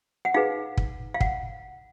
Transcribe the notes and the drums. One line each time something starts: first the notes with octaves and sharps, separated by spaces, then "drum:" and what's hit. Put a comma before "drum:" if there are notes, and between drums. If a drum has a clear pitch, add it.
F#5
D#4 G#4 B4 F5
drum: kick
F5
F#5, drum: kick